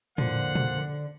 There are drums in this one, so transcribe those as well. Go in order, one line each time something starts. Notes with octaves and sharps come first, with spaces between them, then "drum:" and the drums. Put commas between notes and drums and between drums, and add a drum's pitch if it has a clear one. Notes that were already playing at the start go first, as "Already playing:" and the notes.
F2 D3 A#3 C5 F#5, drum: tom A2
drum: tom A#2